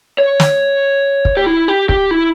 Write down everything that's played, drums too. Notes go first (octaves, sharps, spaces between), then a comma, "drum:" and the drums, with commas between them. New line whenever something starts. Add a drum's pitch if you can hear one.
C#5
drum: snare
drum: kick
G4
E4
G4
G4, drum: kick
E4